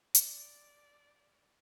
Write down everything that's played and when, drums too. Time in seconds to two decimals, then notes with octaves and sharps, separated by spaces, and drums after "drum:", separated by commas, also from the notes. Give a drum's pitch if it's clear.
0.15 D5, drum: hi-hat